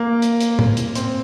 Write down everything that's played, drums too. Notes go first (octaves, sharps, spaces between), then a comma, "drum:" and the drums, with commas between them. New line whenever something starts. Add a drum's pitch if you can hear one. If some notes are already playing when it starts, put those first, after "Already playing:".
Already playing: A#3
drum: hi-hat
drum: hi-hat
drum: tom
drum: hi-hat
C4, drum: hi-hat